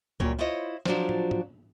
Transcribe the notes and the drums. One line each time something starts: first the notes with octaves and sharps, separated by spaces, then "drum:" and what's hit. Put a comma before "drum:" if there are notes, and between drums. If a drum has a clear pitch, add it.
F#2 A#2 G3 C#5, drum: kick C#2
E4 F4 C5 C#5 D#5
F3 F#3 D4 F4 C5, drum: snare
drum: tom
drum: tom